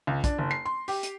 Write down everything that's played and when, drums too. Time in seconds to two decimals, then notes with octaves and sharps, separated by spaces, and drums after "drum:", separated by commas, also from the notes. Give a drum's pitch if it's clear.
0.07 C#2
0.24 D4, drum: kick, hi-hat
0.38 F#1
0.51 C7
0.65 C6
0.88 G4, drum: open hi-hat
1.03 drum: hi-hat